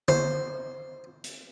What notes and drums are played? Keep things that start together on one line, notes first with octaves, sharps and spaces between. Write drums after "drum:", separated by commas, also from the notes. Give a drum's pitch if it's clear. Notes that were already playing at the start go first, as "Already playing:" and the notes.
C5, drum: tom D3
drum: hi-hat